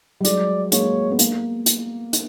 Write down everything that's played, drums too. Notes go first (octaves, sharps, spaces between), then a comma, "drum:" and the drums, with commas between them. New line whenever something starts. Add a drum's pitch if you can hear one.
G3
F#3 G#3 D5, drum: hi-hat
G#3 A#3 C#5, drum: hi-hat
B3
A#3, drum: hi-hat
drum: hi-hat
drum: hi-hat